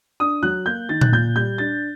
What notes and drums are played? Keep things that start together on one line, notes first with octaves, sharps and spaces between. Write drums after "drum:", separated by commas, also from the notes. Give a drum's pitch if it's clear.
D4 D#6
F#3 F#6
A#3 G6
D#3 A6
F#6, drum: tom A#2
A#2 G6
G3 G6
D4 A6